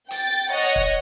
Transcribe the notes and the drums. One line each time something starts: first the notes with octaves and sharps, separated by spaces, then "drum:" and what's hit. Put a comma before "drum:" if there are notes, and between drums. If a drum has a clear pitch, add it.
G5 A6, drum: hi-hat
C#5 D#5 F#5
drum: hi-hat
drum: kick